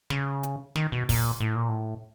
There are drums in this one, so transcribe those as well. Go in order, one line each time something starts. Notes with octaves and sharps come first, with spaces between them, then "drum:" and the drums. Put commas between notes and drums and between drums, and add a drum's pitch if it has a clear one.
C#3, drum: snare
drum: hi-hat
D#3, drum: snare
B2
A#2, drum: kick, open hi-hat
A2
A#2
A2